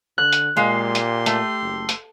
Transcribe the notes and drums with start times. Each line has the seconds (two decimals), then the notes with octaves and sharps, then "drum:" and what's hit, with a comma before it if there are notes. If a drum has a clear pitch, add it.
0.18 D3 F#6
0.33 drum: hi-hat
0.57 A#2 G#3 G4 F5 C6
0.95 drum: hi-hat
1.26 A3, drum: hi-hat
1.61 F#1
1.89 drum: hi-hat